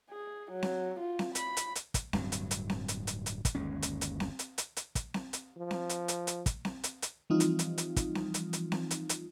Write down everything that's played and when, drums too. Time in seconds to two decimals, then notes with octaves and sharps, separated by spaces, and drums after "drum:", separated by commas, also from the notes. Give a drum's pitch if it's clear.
0.11 G#4
0.52 F#3
0.63 drum: snare C4
1.00 F4
1.19 drum: snare C4
1.35 B5, drum: hi-hat
1.57 drum: hi-hat
1.75 drum: hi-hat
1.94 drum: kick, hi-hat
2.13 D1 G2 F#3, drum: snare C4
2.32 drum: hi-hat
2.51 drum: hi-hat
2.70 drum: snare C4
2.88 drum: hi-hat
3.07 drum: hi-hat
3.26 drum: hi-hat
3.45 drum: kick, hi-hat
3.55 G1 D#2 G#3 C#4
3.82 drum: hi-hat
4.01 drum: hi-hat
4.20 drum: snare C4
4.39 drum: hi-hat
4.58 drum: hi-hat
4.77 drum: hi-hat
4.95 drum: kick, hi-hat
5.14 drum: snare C4
5.33 drum: hi-hat
5.57 F3
5.71 drum: snare C4
5.89 drum: hi-hat
6.08 drum: hi-hat
6.27 drum: hi-hat
6.46 drum: kick, hi-hat
6.65 drum: snare C4
6.84 drum: hi-hat
7.02 drum: hi-hat
7.30 E3 F3 G3 C4 D#4 F4
7.40 drum: hi-hat
7.59 drum: hi-hat
7.78 drum: hi-hat
7.96 drum: kick, hi-hat
8.15 drum: snare C4
8.34 drum: hi-hat
8.53 drum: hi-hat
8.72 drum: snare C4
8.91 drum: hi-hat
9.09 drum: hi-hat